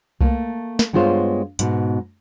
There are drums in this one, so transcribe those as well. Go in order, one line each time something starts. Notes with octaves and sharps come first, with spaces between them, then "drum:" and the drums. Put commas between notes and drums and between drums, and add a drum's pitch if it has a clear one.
A3 A#3, drum: kick C2
drum: snare
G2 G#3 B3 F4 C5 C#5
G#2 B2, drum: hi-hat